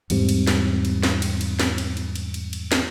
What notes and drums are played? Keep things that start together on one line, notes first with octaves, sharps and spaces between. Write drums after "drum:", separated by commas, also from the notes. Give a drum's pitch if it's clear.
E2 G#2 G3 C4, drum: cymbal
drum: cymbal
drum: snare
drum: cymbal
drum: snare
drum: cymbal
drum: cymbal
drum: snare
drum: cymbal
drum: cymbal
drum: cymbal
drum: cymbal
drum: cymbal
drum: snare